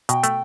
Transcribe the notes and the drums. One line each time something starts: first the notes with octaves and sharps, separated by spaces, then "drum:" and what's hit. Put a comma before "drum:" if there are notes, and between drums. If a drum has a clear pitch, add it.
B2 G5, drum: hi-hat
A3, drum: hi-hat